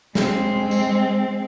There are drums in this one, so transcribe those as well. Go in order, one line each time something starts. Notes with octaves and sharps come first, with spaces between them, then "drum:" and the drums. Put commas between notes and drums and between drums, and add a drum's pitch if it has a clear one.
G#3 C4, drum: snare
drum: tambourine